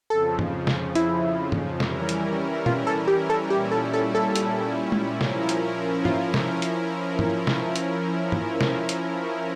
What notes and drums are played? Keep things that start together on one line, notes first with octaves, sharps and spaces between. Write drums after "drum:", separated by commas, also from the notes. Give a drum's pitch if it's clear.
F2 C#3 F3 A4
drum: tom
drum: snare
E4, drum: hi-hat
drum: tom
E3 G3 C#4 E4 A#4, drum: snare
drum: hi-hat
F4, drum: tom
A4
G4
A4
A#2 G3 C#4 E4 G4
A4
A4
A4
drum: hi-hat
drum: tom
F3 C#4 E4 A#4, drum: snare
drum: hi-hat
F4, drum: tom
drum: snare
drum: hi-hat
drum: tom
drum: snare
drum: hi-hat
drum: tom
drum: snare
drum: hi-hat